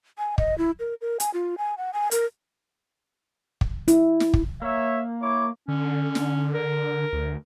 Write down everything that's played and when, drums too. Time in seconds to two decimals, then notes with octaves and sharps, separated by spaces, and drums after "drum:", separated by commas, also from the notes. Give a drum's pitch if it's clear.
0.18 G#5
0.38 D#5, drum: kick
0.58 E4
0.80 A#4
1.01 A#4
1.20 G#5, drum: hi-hat
1.34 F4
1.58 G#5
1.78 F#5
1.93 G#5
2.11 A#4, drum: hi-hat
3.61 drum: kick
3.88 E4, drum: hi-hat
4.20 drum: snare
4.34 drum: kick
4.62 A#3 C#5 E5
5.21 E4 C#5 D6
5.68 D3 C#4
6.15 drum: snare
6.54 A#4
7.13 D2